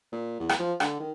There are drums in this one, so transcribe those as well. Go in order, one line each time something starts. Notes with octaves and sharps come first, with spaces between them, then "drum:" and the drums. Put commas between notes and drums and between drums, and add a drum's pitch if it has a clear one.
A#2
E2
drum: rim click
F3
D3, drum: rim click
D#3